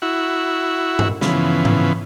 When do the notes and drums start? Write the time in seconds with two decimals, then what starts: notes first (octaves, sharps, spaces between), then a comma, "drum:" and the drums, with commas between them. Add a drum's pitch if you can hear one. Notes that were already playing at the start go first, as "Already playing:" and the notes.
0.02 E4 F#4
0.99 drum: tom G2
1.21 C#3 E3 F3 B3, drum: snare
1.65 drum: tom G#2